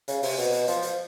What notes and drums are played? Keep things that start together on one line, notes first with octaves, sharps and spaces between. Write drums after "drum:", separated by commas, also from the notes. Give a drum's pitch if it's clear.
C#3, drum: hi-hat
C3, drum: open hi-hat
B2, drum: hi-hat
drum: hi-hat
F3, drum: hi-hat
drum: hi-hat